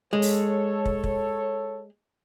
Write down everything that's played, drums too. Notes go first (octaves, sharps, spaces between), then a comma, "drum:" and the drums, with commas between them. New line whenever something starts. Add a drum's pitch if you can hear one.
G#3 A4 C#5
drum: open hi-hat
drum: kick
drum: kick